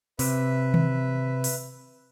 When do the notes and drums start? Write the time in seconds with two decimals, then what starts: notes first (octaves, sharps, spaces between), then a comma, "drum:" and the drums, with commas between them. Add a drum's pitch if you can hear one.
0.19 C3 B4 E5, drum: open hi-hat
0.74 drum: tom D#3
1.44 drum: open hi-hat